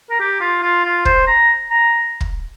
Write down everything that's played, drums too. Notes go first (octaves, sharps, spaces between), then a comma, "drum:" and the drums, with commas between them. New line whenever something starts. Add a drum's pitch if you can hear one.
A#4
G4
F4
F4
F4
C5, drum: kick
A#5
A#5
drum: kick